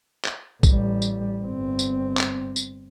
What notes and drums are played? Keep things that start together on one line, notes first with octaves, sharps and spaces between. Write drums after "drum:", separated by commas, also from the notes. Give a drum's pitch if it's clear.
drum: clap
A1 G3, drum: kick B1, tambourine
drum: tambourine
G1 C4
drum: tambourine
drum: clap
drum: tambourine